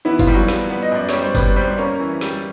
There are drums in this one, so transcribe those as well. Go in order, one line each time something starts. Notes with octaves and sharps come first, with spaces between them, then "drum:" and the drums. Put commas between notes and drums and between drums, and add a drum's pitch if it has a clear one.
E3 B3 E4
F3 F4, drum: kick G1, tambourine
G3
F#3 F#4
B3, drum: snare
B3
D#5
F#2 D5
G3 C#5, drum: snare
C5
G3 B3 B4, drum: kick G1, tambourine
G3 C4 C5
C5
A#3 C#4 C#5
E3
G3, drum: snare